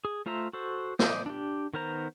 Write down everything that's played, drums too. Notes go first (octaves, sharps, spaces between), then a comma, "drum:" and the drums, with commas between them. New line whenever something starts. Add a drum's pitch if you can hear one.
G#4
A3 F4 C5 E5 A#5
F#4 A4 C5
C5 D5 D#5, drum: snare
D4 G4
D#3 B3 A#4 C5 A#5